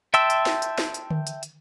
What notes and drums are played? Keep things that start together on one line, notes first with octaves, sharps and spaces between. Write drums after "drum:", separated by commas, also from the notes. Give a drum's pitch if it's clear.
E5 G5 A5 C6 E6, drum: hi-hat
drum: hi-hat
drum: snare
drum: hi-hat
drum: snare
drum: hi-hat
drum: tom D3
drum: hi-hat
drum: hi-hat